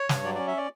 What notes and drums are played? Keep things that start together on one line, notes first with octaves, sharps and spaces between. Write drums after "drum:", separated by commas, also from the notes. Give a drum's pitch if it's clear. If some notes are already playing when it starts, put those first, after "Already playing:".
Already playing: C#5
G2, drum: snare
F#3 D5
C#4 D5
E5
D5